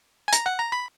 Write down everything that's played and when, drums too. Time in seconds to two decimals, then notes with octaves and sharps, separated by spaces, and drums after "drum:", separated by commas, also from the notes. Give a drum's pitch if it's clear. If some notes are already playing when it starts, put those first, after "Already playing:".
0.28 G#5
0.33 A#5, drum: hi-hat
0.46 F#5
0.59 A#5
0.72 B5